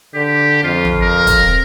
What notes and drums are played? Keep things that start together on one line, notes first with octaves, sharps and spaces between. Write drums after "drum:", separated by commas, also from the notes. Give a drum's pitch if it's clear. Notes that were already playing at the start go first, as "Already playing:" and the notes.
D3 G4
F2 F4
drum: tom
A#4
drum: kick, hi-hat